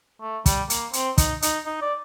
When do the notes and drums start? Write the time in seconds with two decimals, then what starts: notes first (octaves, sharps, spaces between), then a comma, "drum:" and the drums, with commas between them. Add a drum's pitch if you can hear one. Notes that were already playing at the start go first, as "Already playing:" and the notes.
0.21 A3
0.46 G3, drum: kick, hi-hat
0.70 A#3, drum: hi-hat
0.93 C4, drum: hi-hat
1.18 D#4, drum: kick, hi-hat
1.42 D#4, drum: hi-hat
1.66 D#4
1.82 D5